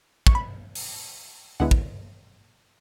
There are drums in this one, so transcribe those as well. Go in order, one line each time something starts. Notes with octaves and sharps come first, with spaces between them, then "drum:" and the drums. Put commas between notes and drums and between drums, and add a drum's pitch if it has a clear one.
C#6, drum: kick
B5
drum: open hi-hat
D2 D3 G#3 B3 E4 F#5
drum: kick